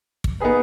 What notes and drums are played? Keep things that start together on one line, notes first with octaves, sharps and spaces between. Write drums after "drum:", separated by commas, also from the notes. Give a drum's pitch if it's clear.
drum: kick
B3 D#4 G#4 B4